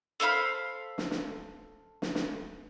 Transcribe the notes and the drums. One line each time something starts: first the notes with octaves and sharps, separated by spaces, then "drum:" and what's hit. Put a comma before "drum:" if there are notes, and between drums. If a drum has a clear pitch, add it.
A4 C5 F5 B5
drum: snare
drum: snare
drum: snare
drum: snare